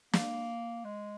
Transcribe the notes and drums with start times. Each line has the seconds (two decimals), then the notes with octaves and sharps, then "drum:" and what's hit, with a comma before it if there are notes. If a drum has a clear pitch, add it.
0.13 A#3, drum: snare
0.84 G#3